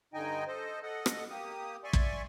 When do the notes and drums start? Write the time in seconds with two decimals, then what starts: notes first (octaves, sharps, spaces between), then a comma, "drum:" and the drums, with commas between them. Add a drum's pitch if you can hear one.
0.14 G2 D3 D#4 D#5 G5 G#5
0.47 A4 C5 D#5
0.83 A4 D#5 F#5
1.06 drum: rim click
1.30 A#3 G4 D#6
1.84 D5 E5 G#5 C6 C#6
1.93 drum: kick